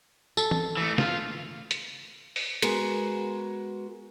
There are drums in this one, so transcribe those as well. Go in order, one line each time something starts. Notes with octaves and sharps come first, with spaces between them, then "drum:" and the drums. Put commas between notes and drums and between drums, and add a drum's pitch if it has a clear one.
A4, drum: tambourine
drum: tom
E3 A3
F4, drum: snare
drum: hi-hat
drum: open hi-hat
G#3 B3 F#4 A#4, drum: hi-hat